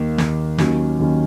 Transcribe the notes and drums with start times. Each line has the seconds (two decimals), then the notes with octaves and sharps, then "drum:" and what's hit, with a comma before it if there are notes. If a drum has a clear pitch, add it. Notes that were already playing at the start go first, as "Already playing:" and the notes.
Already playing: D#2 D#3 A#3
0.18 D#2 D#3 A#3, drum: snare
0.58 D#2 D#3 F#3 C#4, drum: snare
0.99 D#2 D#3 F#3 C#4